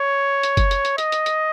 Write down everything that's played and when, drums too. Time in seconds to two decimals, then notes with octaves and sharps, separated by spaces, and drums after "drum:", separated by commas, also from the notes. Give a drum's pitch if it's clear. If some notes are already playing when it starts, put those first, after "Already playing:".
Already playing: C#5
0.43 drum: hi-hat
0.57 drum: kick F#1, hi-hat
0.71 drum: hi-hat
0.85 drum: hi-hat
0.98 D#5, drum: hi-hat
1.12 drum: hi-hat
1.26 drum: hi-hat